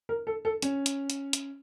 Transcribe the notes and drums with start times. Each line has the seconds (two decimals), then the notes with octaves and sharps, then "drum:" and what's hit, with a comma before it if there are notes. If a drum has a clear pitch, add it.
0.09 A#4
0.27 A4
0.45 A4
0.62 C#4, drum: hi-hat
0.86 drum: hi-hat
1.10 drum: hi-hat
1.33 drum: hi-hat